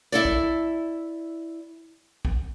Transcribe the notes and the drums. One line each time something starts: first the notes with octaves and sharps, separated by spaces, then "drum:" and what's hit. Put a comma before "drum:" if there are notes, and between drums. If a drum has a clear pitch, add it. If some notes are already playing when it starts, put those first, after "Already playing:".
E4 A4 D5, drum: hi-hat
drum: kick
drum: kick